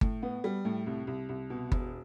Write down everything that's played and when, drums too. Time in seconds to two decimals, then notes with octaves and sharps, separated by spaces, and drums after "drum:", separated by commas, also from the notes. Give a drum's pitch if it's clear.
0.01 A2, drum: kick G1
0.22 B3
0.44 G3
0.65 A2
0.86 C2
1.07 C2
1.29 C2
1.50 B2
1.72 E1, drum: kick G1